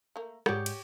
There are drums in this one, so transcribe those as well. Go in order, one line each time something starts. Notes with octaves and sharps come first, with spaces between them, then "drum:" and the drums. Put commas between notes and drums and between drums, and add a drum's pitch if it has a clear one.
A3 A#3
G#2 G4 G#4 C#5 D5 F#5 G6, drum: rim click
drum: cymbal